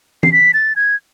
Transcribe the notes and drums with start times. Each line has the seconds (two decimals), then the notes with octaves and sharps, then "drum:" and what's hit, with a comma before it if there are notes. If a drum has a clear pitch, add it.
0.23 C7, drum: tom E3
0.32 B6
0.54 A6
0.76 G#6